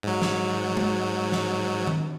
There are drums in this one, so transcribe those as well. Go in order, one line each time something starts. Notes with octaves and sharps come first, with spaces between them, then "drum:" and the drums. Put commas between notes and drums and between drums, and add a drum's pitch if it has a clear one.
G#2 F#3
drum: snare
drum: tom G#3
drum: snare
drum: tom D#3